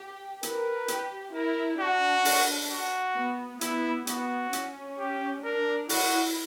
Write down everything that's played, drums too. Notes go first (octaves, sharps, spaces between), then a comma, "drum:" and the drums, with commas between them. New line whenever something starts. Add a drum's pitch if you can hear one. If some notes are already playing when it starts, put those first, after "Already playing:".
Already playing: G4
A#4 B4, drum: hi-hat
G4, drum: hi-hat
E4 A#4
D4 F#4
drum: open hi-hat
F#4
B3
B3 E4, drum: hi-hat
B3 F#4, drum: hi-hat
C#4, drum: hi-hat
G4
D4 A#4
E4 F#4, drum: open hi-hat